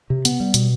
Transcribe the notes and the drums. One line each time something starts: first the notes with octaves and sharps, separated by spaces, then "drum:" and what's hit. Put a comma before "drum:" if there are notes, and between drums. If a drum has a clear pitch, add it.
C3
B3, drum: hi-hat
G3
B2, drum: hi-hat